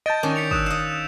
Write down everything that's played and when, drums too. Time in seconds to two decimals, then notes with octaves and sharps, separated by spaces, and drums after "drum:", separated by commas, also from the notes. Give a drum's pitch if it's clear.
0.06 D#5 A5 G6 A6 D7
0.23 D#3 C#4 D4
0.36 B6 C#7 F7
0.51 D#6 E6 F#6 E7, drum: kick
0.66 D#5 F5 E7